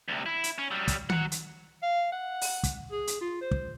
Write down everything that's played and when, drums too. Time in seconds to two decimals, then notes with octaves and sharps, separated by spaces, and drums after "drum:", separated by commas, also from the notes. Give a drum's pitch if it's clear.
0.08 D2 C3
0.26 E4
0.44 drum: hi-hat
0.58 C#4
0.71 F#3 G3
0.88 drum: kick, hi-hat
1.10 F#3 F#5, drum: tom D#3
1.32 drum: hi-hat
1.82 F5
2.12 F#5
2.41 drum: open hi-hat
2.63 drum: kick, hi-hat
2.91 G#4
3.07 drum: hi-hat
3.21 F4
3.41 C5
3.51 drum: kick